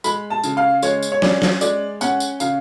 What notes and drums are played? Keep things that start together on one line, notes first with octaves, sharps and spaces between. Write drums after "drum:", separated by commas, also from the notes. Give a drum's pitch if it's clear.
G#3 B5, drum: tambourine
A5
C#3, drum: tambourine
F5
G#3 C#5, drum: tambourine
drum: tambourine
C#5
C#4 D5, drum: snare
drum: snare
G#3 D5, drum: tambourine
C#4 F#5, drum: tambourine
drum: tambourine
C#3 F5, drum: tambourine